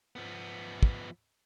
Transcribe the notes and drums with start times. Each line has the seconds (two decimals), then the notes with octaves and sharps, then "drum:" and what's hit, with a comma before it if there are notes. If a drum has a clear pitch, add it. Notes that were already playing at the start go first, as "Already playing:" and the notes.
0.16 F3 B3
0.83 drum: kick